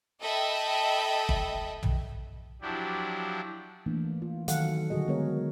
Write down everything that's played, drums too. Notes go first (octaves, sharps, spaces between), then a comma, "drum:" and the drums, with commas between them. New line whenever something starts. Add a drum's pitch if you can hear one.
A4 D#5 E5 G5 B5
drum: kick
drum: tom
F3 F#3 D4 E4 G4
E3 A3 A#3 D4
F4
D#3 F#3 A4 F5 F#5, drum: hi-hat
D3 F#3 G3 F#4 G#4 D#5
F#3 G#3 B3 G#4 A#4 C#5